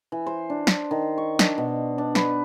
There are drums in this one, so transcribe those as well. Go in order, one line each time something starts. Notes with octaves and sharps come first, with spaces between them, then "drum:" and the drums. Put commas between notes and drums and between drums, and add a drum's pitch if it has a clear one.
E3
C5
D4
drum: snare
D#3
C#6
D4, drum: snare
B2
D4
B4, drum: snare